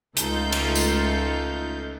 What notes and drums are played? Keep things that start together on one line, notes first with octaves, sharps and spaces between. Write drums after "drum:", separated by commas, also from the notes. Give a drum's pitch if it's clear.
C#2 A3 D#4 F4 A4 G6, drum: hi-hat
drum: cymbal
drum: tambourine